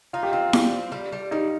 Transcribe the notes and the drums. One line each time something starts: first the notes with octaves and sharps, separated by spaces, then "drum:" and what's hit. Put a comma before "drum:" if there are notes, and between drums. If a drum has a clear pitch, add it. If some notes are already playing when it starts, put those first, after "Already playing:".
D#4 F4
G4
C4 F4
G3, drum: snare E4
C4
G3
G3
G3 D#4